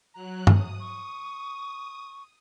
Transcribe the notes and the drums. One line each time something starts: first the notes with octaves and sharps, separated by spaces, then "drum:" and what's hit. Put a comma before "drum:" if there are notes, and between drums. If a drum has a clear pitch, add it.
F#3 A#5 F#6
D#6, drum: tom G2
C#6